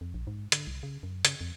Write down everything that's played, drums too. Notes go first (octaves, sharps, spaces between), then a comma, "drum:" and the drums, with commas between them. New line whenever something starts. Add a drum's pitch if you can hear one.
F2
A#1
G#2
D3, drum: hi-hat
C2
C#3
F#2
C#3, drum: hi-hat
F2